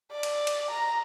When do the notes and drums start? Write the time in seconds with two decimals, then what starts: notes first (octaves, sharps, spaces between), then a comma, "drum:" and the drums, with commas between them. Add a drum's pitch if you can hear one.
0.12 D5
0.23 drum: cymbal
0.47 drum: cymbal
0.71 A#5